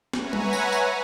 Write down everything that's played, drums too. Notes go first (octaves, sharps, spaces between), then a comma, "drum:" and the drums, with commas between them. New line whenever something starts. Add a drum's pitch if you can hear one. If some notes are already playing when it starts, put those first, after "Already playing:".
B4 C#5 E5 F#5 G#5 A#5, drum: snare
drum: tom G3
drum: tambourine
drum: tambourine